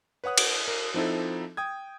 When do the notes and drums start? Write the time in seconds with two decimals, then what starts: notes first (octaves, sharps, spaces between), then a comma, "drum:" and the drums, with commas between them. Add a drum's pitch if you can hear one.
0.24 B4 C#5 F#5 D#6 F#6
0.38 drum: cymbal
0.68 A#4
0.94 F3 C4 D#4 E4 A4
1.57 G5 D#6 G#6